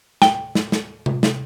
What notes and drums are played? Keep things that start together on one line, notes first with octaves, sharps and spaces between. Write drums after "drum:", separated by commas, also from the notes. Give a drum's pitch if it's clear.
G5, drum: snare
drum: snare
drum: snare
drum: tom C3
drum: snare